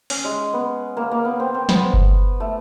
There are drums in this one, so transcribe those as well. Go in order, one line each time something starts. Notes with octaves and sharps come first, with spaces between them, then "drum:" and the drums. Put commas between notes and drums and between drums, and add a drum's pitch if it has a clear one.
C#4, drum: open hi-hat
G#3
B3
A#3
A#3
B3
C4
C4
B3, drum: snare
drum: kick F#1
A3